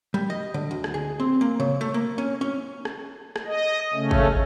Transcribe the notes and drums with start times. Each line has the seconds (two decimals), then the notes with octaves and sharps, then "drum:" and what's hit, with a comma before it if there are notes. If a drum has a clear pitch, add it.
0.14 G3
0.30 D#5
0.54 D3
0.71 D2
0.84 drum: rim click
0.94 G#4
1.20 C4
1.41 A#3
1.60 C#3
1.81 A3
1.94 A#3
2.18 C#4
2.41 C#4
2.85 drum: rim click
3.36 drum: rim click
3.46 D#5
3.94 C#3 A3 C#4
4.11 drum: kick G#1